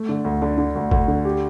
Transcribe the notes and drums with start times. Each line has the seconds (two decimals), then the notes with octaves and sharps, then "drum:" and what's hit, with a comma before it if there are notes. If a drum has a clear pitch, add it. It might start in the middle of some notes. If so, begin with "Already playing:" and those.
Already playing: A3
0.09 D3
0.24 D2
0.42 D3
0.58 D3
0.76 D2
0.91 D2, drum: kick
1.08 D3
1.25 G4